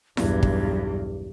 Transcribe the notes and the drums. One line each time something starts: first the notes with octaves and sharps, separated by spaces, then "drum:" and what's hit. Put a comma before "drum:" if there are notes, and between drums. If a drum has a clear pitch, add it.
B1 E2 G2 G4, drum: snare E4
drum: kick